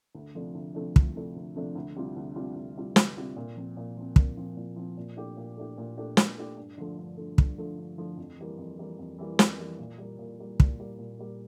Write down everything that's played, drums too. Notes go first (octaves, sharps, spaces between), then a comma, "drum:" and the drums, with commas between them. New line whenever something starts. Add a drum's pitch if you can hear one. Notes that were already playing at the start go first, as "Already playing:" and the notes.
D2
C3 F3 A3 D4
D2
C3 F3 A3 D4
D2, drum: kick
C3 F3 A3 D4
D2
C3 F3 A3 D4
D2
C3 G3 C4 F4
D2
C3 G3 C4 F4
D2
C3 G3 C4 F4
D2, drum: snare
C3 G3 C4 F4
A#2
F3 C4
A#2
F3 C4
A#2, drum: kick
F3 C4
A#2
F3 C4
A#2
A3 D4 G4
A#2
A3 D4 G4
A#2
A3 D4 G4
A#2, drum: snare
A3 D4 G4
G2
D3 F3 A3
G2
D3 F3 A3
G2, drum: kick
D3 F3 A3
G2
D3 F3 A3
F2
E3 G3 A#3
F2
E3 G3 A#3
F2
E3 G3 A#3
F2, drum: snare
E3 G3 A#3
A#2
G3 A#3
A#2
G3 A#3
A#2, drum: kick
G3 A#3
A#2
G3 A#3